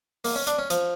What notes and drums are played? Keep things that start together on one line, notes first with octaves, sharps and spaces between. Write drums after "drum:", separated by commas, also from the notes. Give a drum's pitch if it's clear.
A#3, drum: open hi-hat
C#4
D4, drum: hi-hat
C#4
F3, drum: hi-hat